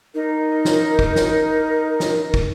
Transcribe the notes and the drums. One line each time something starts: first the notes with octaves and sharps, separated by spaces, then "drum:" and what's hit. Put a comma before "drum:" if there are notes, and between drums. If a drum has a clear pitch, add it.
D#4 A#4
drum: snare
drum: kick
drum: snare
drum: snare
drum: kick